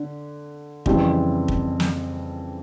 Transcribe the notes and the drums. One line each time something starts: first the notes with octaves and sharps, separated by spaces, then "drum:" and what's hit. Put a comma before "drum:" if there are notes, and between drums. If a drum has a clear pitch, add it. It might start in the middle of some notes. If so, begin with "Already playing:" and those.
Already playing: D3
F2 C#3 E3 G3 C4, drum: kick
drum: kick
drum: snare